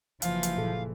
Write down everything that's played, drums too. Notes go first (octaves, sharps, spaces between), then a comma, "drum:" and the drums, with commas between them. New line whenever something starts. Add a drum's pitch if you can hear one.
F#1 E3 F3 F5, drum: hi-hat
drum: hi-hat
A#2 G#4 A4